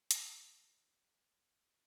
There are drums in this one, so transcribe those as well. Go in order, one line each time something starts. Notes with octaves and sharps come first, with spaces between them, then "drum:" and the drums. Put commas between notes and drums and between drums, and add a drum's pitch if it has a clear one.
E2 C3 E3 G4 B4, drum: hi-hat
E2 C3 G3 E4 G4
E4
C2 C3 G3 D4 F#4
F#2 E3 G3 C4
E2 C3 G3 B3
F#3 C4